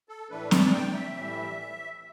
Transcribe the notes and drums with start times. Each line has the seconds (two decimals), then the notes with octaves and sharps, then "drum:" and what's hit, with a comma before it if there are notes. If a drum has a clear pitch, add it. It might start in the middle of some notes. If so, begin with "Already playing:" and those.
0.09 A4
0.30 A2 E3 A3 D4 B4
0.51 D5, drum: snare
0.73 G5
0.94 E5
1.15 A2 E3 G3